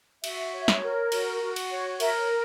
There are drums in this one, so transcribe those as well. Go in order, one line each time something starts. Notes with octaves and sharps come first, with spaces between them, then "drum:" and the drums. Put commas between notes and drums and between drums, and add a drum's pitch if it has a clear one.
F#4 E5, drum: cymbal
C#5
drum: snare
A#4
F#4, drum: cymbal
F#4
drum: cymbal
C#5
A#4 E5, drum: cymbal